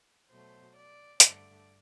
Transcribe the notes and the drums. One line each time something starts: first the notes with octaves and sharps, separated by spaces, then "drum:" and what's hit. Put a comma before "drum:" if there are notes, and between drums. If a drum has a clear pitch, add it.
B2 F#3 A3 C5
D5
G2 D3 A3 D5, drum: hi-hat